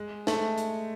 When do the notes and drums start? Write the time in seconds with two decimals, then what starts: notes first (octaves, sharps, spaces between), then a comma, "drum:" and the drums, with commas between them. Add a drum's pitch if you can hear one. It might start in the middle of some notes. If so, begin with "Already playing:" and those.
Already playing: G#3
0.27 A3, drum: snare
0.58 drum: hi-hat